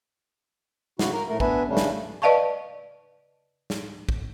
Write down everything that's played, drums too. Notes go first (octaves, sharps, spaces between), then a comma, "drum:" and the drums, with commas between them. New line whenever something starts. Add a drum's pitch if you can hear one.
C#3 E4 F#4, drum: snare
A#4 A#5
A2 A3 A#4
B3 D4 B4 E5 G#5, drum: kick
C#3 G3 A3 C#4 D4
drum: snare
B4 D5 D#5 F5 A5 C#6
drum: snare
drum: kick